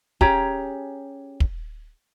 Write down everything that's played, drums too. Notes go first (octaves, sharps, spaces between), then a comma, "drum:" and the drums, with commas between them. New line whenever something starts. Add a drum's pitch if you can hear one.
C#4 G4 G#4 A#5, drum: kick
drum: kick